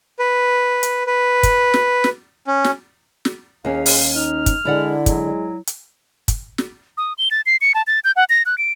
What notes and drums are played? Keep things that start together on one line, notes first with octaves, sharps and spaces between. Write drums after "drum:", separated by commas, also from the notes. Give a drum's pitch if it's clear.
B4
drum: hi-hat
B4
drum: kick, hi-hat
drum: snare
drum: snare
C#4
drum: snare
drum: snare
D#2 C#4 G#4 F5
drum: open hi-hat
D#4 F6
drum: kick, hi-hat
D3 G#3 E4 D5 F#5
F#3 G#3, drum: kick, hi-hat
drum: hi-hat
drum: kick, hi-hat
drum: snare
D#6
G7
A6
C7
C#7
A5
A6
G6
F#5
A#6
F#6
D7